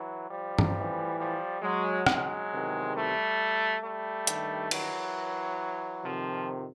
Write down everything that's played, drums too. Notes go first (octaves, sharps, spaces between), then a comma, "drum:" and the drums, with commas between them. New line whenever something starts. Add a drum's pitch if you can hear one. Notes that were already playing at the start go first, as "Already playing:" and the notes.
Already playing: E3 F#3
F3 G3
drum: tom G2
A2 E3
F3 G3
F#3 G#3
F#3 G#3, drum: rim click
E2 C3 D#3
G3 A3
G3 A3
G2 D#3, drum: hi-hat
E3 F#3, drum: cymbal
F2 C3 D#3 F3